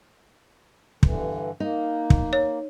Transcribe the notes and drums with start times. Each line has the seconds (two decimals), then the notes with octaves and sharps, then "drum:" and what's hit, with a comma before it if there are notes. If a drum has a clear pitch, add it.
1.03 G2 D3 E3, drum: kick
1.60 A#3 D#4
2.10 drum: kick
2.33 C#5